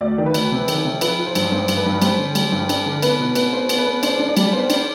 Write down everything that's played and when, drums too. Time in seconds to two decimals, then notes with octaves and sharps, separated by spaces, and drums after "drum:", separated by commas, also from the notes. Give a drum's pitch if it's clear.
0.01 D2 D5
0.18 D#3
0.26 B4
0.34 D2, drum: cymbal
0.52 C3
0.68 D#3, drum: cymbal
0.85 C3
1.01 F3 B4, drum: cymbal
1.18 F3
1.27 C5
1.35 G2, drum: cymbal
1.52 G2 C5
1.68 G2, drum: cymbal
1.77 B4
1.86 G2
2.02 G3 C5, drum: cymbal
2.19 D3
2.35 G3, drum: cymbal
2.52 G2
2.69 D4, drum: cymbal
2.86 D3
3.02 B3 B4, drum: cymbal
3.19 B2
3.35 B3, drum: cymbal
3.53 B3 C5
3.69 B3, drum: cymbal
3.78 B4
3.87 B3
4.03 D4 C5, drum: cymbal
4.19 D4
4.28 D5
4.37 G3, drum: cymbal
4.53 B3 C5
4.70 D4, drum: cymbal